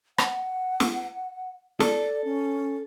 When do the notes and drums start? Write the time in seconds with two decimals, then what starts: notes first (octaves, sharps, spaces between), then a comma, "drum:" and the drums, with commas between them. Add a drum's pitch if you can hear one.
0.18 F#5, drum: rim click
0.80 drum: snare
1.80 A4 D5, drum: snare
2.25 C#4